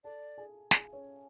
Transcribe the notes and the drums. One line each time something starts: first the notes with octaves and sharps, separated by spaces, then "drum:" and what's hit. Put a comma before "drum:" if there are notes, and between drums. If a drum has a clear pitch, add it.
A4 D5 A5
G#4 G#5
G#4 G#5, drum: snare
C#4 C#5